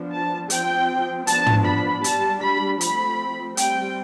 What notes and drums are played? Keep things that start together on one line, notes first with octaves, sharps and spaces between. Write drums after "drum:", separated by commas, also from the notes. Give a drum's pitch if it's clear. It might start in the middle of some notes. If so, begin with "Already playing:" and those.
Already playing: F3 B3 D4
A5
F3 C4 G5, drum: hi-hat
F3 B3 D4 A5, drum: hi-hat
drum: tom
B5
G3 D4 A5, drum: hi-hat
B5
F3 A3 C4 B5, drum: hi-hat
G3 C4 G5, drum: hi-hat